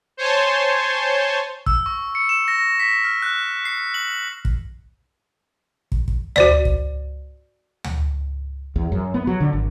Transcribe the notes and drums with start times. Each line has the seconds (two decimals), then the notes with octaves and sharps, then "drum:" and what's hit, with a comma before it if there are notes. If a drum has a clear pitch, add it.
0.17 C5 C#5 G#5 A5 C6
1.66 E6, drum: kick
1.86 C#6
2.15 C#7
2.29 E7
2.48 A#6
2.80 B6
3.05 F6
3.22 F#6
3.65 C7
3.94 F#7
4.45 drum: kick
5.92 drum: kick
6.08 drum: kick
6.36 F#4 C5 D5, drum: tom D2
6.65 drum: kick
7.84 drum: tom D2
8.76 E2
8.92 F#2
9.14 B3
9.27 F#3
9.40 D3
9.53 G#1